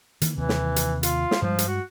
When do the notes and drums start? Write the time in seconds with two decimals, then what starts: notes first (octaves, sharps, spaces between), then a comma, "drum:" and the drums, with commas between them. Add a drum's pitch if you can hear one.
0.22 D#3 E3 A#3, drum: hi-hat
0.38 D#2 C3 E3
0.49 drum: snare
0.76 drum: hi-hat
1.03 F4, drum: hi-hat
1.31 drum: snare
1.42 G2 F3 G3 G#3
1.59 drum: hi-hat
1.68 F#4